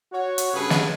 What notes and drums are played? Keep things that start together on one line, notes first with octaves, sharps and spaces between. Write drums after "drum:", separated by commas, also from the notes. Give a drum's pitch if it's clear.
F#4 C#5
drum: hi-hat
G2 C#3 G#4 A4 B4
drum: snare